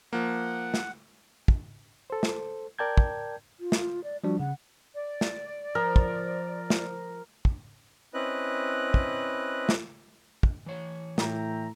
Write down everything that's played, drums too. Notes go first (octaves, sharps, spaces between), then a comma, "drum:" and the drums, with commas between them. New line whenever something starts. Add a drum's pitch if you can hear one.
F3 A#3 F#5
drum: snare
drum: kick
A4 C5
drum: snare
A#4 D5 G5 A5 G6 G#6
drum: kick
F4
drum: snare
D5
F3 G3 D4 F#4
C#3 F#5
D5
drum: snare
F3 A#4
drum: kick
drum: snare
drum: kick
C4 C#4 E4 B4 D#5 F#6
drum: kick
drum: snare
drum: kick
E3 C#5
A2 E5 G5 A#5, drum: snare